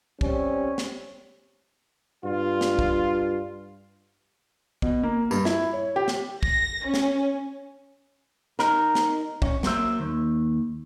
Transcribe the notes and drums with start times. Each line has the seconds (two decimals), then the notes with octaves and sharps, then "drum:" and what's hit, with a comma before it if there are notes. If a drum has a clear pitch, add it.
0.21 G3 C4 C#4, drum: kick
0.78 drum: snare
2.24 G2 F4
2.61 drum: snare
2.79 drum: kick
4.82 B2, drum: kick
5.03 A#3
5.31 G2, drum: tambourine
5.45 E4, drum: snare
5.73 C#5
5.96 G4
6.08 drum: snare
6.43 A#6, drum: kick
6.84 C#4
6.94 drum: snare
8.59 D#4 A#4, drum: snare
8.95 drum: snare
9.42 C#4, drum: kick
9.63 F#3 A#3 C5 E5, drum: snare
10.00 D#2